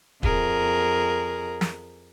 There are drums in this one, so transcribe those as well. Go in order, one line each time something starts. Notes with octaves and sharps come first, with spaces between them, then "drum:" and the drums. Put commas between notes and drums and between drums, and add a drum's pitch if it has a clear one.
F2 G#4 A#4, drum: kick
drum: snare